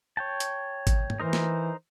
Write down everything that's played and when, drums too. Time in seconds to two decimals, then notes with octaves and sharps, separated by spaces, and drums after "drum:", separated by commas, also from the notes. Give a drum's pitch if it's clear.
0.17 C#5 G5 A5
0.40 drum: hi-hat
0.87 drum: kick G#1, hi-hat
1.10 drum: tom
1.20 E3 D#4 A#4 C5
1.33 drum: snare